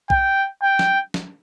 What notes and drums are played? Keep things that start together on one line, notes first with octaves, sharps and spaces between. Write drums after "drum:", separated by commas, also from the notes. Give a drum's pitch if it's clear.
G5, drum: kick B1
G5
drum: snare
drum: snare